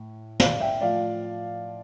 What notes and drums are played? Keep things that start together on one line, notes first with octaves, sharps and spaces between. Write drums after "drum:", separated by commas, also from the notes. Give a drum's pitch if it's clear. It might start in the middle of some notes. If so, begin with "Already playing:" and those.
Already playing: A2
D5 F5, drum: snare
E5 G5
A2 F3 D5 F5